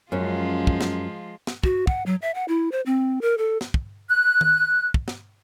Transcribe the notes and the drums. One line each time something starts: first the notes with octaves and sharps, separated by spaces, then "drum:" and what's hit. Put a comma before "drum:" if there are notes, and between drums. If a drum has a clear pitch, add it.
F#2 F3 G#3 C#4 F4
drum: kick
drum: snare
drum: snare
F#4, drum: kick
F#5, drum: kick
F#3
E5
F#5
E4
C5
C4
A#4
A4
drum: snare
drum: kick
F#6
drum: tom D#3
drum: kick
drum: snare